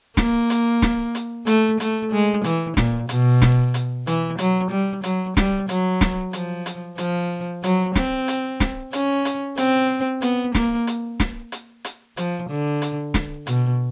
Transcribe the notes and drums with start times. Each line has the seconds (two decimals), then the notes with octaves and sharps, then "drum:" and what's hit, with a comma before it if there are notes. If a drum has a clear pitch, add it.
0.17 A#3, drum: snare
0.50 drum: hi-hat
0.82 drum: snare
1.15 drum: hi-hat
1.47 A3, drum: hi-hat
1.80 A3, drum: hi-hat
2.12 G#3
2.44 E3, drum: hi-hat
2.77 A#2, drum: snare
3.09 B2, drum: hi-hat
3.42 drum: snare
3.74 drum: hi-hat
4.07 E3, drum: hi-hat
4.38 F#3, drum: hi-hat
4.71 G3
5.03 F#3, drum: hi-hat
5.37 G3, drum: snare
5.69 F#3, drum: hi-hat
6.01 drum: snare
6.33 F3, drum: hi-hat
6.66 drum: hi-hat
6.98 F3, drum: hi-hat
7.64 F#3, drum: hi-hat
7.95 C4, drum: snare
8.28 drum: hi-hat
8.60 drum: snare
8.93 C#4, drum: hi-hat
9.25 drum: hi-hat
9.57 C4, drum: hi-hat
10.22 B3, drum: hi-hat
10.55 A#3, drum: snare
10.87 drum: hi-hat
11.20 drum: snare
11.52 drum: hi-hat
11.84 drum: hi-hat
12.17 F3, drum: hi-hat
12.49 D3
12.82 drum: hi-hat
13.14 drum: snare
13.47 B2, drum: hi-hat